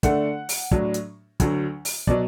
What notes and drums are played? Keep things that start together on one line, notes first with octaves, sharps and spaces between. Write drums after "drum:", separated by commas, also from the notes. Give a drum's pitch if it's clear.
D3 A3 D4 F#5, drum: kick, hi-hat
drum: open hi-hat
A2 F#3 D4, drum: kick
drum: hi-hat
D2 D3 F#3, drum: kick, hi-hat
drum: open hi-hat
B2 F#3 D5, drum: kick